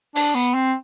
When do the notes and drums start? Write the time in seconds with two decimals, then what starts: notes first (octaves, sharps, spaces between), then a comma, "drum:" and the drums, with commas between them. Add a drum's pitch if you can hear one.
0.16 D4, drum: open hi-hat
0.35 B3
0.54 C4